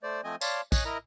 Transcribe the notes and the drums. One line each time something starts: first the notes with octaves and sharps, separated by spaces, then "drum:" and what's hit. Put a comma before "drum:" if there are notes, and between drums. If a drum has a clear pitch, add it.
A3 C5 D5
F3 A3 C4 D#5 G#5
C#5 D5 F5 A5 C6, drum: tambourine
C#5 D#5 G#5 F#6, drum: kick, tambourine
E4 A#4 D#5 A#5